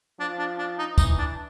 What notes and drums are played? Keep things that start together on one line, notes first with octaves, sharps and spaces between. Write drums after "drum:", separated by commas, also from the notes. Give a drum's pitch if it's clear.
F3 D4
D4
D4
D#4
E3 D#4, drum: kick, tambourine
D4